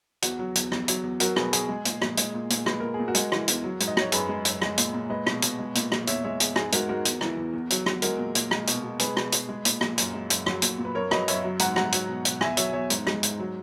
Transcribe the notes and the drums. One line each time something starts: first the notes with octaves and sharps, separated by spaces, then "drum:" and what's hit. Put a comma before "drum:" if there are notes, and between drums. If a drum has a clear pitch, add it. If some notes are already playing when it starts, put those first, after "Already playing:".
E2 F#4, drum: hi-hat
F#3
E2, drum: hi-hat
E2, drum: rim click
F#3, drum: hi-hat
E2
F#3 F#4 A#4, drum: hi-hat
B2 G#4 B4, drum: rim click
B2 G#4, drum: hi-hat
G#3
A#2, drum: hi-hat
A#2, drum: rim click
G#3, drum: hi-hat
A#2
A#2, drum: hi-hat
G#3 B4, drum: rim click
A#2 A#4
G#4
A#2
F#4 A#4
G#3, drum: hi-hat
E3, drum: rim click
E2, drum: hi-hat
F#3
G#2, drum: hi-hat
D#5
G#2 C#5, drum: rim click
F#2 G#4 B4, drum: hi-hat
G#3
F#2, drum: hi-hat
G#3, drum: rim click
A#2, drum: hi-hat
A#2
G#3 B4 D#5
B2, drum: rim click
B2, drum: hi-hat
G#3
A#2, drum: hi-hat
A#2, drum: rim click
E2 C#5 E5, drum: hi-hat
G#3 C#5 E5
E2 G#4, drum: hi-hat
G#2 G#4, drum: rim click
G#3 F#4 A#4, drum: hi-hat
G#2 F#4 A#4
E2, drum: hi-hat
E3, drum: rim click
E2
E2
F#3, drum: hi-hat
E2, drum: rim click
G#3 F#4 A#4, drum: hi-hat
A#2
A#2, drum: hi-hat
G#3, drum: rim click
B2, drum: hi-hat
B2
G#3 G#4 B4, drum: hi-hat
B2, drum: rim click
B2, drum: hi-hat
G#3
A#2, drum: hi-hat
A#2, drum: rim click
F#2, drum: hi-hat
G#3
F#2, drum: hi-hat
F#3, drum: rim click
A#2, drum: hi-hat
A#2
B4
F#2 A#4 C#5
F#3 B4 D#5, drum: rim click
F#2 C#5 E5, drum: hi-hat
F#3
G#2 F#5 A#5, drum: hi-hat
G#2 F#5 A#5, drum: rim click
F#3, drum: hi-hat
B2
B2, drum: hi-hat
E2 E5 G#5, drum: rim click
F#3 C#5 E5, drum: hi-hat
E2 C#5 E5
G#2, drum: hi-hat
G#3, drum: rim click
G#2, drum: hi-hat
F#3